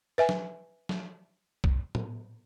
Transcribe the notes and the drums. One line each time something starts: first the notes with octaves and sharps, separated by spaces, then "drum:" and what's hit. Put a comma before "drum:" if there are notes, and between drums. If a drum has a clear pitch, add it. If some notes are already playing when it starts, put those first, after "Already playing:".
B4 E5 G#5
drum: snare
drum: snare
drum: kick B1
drum: tom A2